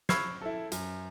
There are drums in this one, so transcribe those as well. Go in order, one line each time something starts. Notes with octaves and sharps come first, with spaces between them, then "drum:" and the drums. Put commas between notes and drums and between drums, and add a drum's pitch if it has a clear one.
B5 C#6 E6 F6 G#6 C7, drum: snare
E4 A4
F#2, drum: hi-hat